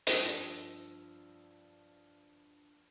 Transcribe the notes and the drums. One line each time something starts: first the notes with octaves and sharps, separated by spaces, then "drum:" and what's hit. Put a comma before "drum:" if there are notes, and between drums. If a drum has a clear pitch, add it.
G2 F3 D#6 E6, drum: hi-hat